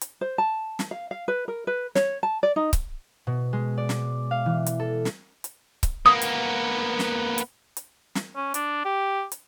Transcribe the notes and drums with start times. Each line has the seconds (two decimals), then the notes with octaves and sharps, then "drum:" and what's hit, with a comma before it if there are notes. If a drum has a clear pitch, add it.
0.01 drum: hi-hat
0.21 C5
0.38 A5
0.79 drum: snare
0.91 F5
1.11 F5
1.28 B4
1.48 A#4
1.67 B4
1.95 C#5, drum: snare
2.23 A5
2.43 D5
2.56 D#4
2.73 drum: kick C#1, hi-hat
3.27 B2
3.53 G#3
3.77 D5
3.89 drum: snare
4.31 F5
4.46 E3
4.67 drum: hi-hat
4.79 A4
5.05 drum: snare
5.44 drum: hi-hat
5.83 drum: kick C#1, hi-hat
6.06 A#3 B3 D#6
6.22 drum: hi-hat
6.99 drum: snare
7.38 drum: hi-hat
7.77 drum: hi-hat
8.15 drum: snare
8.36 C#4
8.54 D4, drum: hi-hat
8.85 G4
9.32 drum: hi-hat